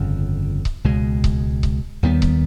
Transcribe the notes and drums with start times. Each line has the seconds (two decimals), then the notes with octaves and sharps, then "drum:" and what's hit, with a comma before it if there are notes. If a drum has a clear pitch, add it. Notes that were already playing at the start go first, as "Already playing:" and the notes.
Already playing: G1 F2 C#3
0.65 drum: kick C#1
0.84 C#2 B2 G#3
1.24 drum: kick C#1
1.63 drum: kick C#1
2.03 D#2 D#3 G3 B3
2.22 drum: kick C#1